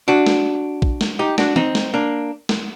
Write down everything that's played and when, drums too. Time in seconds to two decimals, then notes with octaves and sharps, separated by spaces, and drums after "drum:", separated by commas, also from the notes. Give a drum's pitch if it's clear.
0.08 D4 F#4
0.27 drum: snare
0.82 drum: kick
1.01 drum: snare
1.19 D#4 G4
1.38 D4 F#4, drum: snare
1.56 C4 D#4, drum: tom E3
1.75 drum: snare
1.94 A#3 D4
2.49 drum: snare